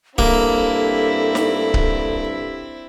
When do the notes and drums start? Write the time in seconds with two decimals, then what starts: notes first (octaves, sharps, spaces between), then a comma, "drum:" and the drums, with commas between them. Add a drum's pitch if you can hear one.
0.18 G2 A#3 C4 E4 A4, drum: kick C#1
1.35 drum: snare
1.74 drum: kick C#1